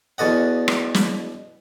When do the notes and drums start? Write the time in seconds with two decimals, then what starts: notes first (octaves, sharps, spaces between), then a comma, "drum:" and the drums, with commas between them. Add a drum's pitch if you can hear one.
0.18 E2 B2 A4 D#5 F#5
0.68 drum: rim click
0.94 drum: snare